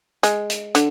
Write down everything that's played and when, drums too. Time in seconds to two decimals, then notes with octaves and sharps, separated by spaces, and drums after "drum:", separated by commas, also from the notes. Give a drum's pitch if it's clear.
0.23 G#3, drum: hi-hat
0.50 drum: hi-hat
0.75 D3, drum: hi-hat